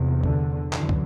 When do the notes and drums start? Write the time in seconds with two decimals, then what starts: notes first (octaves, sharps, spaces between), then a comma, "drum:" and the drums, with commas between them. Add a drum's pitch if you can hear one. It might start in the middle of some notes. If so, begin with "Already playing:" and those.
Already playing: E2 C3
0.24 D3, drum: kick
0.73 F#2 D3 E3, drum: clap
0.89 drum: kick